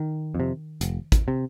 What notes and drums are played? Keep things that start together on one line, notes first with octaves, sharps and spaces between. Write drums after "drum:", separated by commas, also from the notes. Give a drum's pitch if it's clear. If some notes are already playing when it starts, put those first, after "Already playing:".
Already playing: D#3
F2
C3
F1, drum: hi-hat
drum: kick, hi-hat
C3